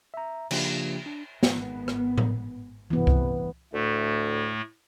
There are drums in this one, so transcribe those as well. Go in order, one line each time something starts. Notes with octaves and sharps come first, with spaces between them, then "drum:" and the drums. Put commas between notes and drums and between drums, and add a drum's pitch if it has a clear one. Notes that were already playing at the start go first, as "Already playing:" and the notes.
E5 A#5
C#3 F3 A#3 D4 F4 G4, drum: cymbal
D4
G#1 B3, drum: snare
drum: rim click
drum: tom A2
A1 G2 C3 E3 B3
drum: kick C2
D2 A2 A3